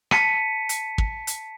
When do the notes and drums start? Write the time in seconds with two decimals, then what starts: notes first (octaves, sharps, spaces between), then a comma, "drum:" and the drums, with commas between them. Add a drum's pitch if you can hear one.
0.11 A5 B6 C#7 D#7, drum: rim click
0.69 drum: hi-hat
0.98 drum: kick
1.27 drum: hi-hat